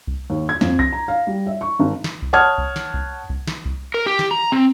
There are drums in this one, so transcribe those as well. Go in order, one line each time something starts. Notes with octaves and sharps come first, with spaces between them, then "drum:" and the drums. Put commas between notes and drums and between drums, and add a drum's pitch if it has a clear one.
drum: kick C2
D#2
G#6
F2, drum: snare
A#6, drum: kick C2
A#5
F5
G3
E5
C#6
G#1
drum: snare
drum: kick C2
C#5 F#5 A5 D#6 F6 G#6
drum: kick C2
drum: snare
drum: kick C2
drum: kick C2
drum: snare
drum: kick C2
A#4
G4
drum: snare
A#5
C4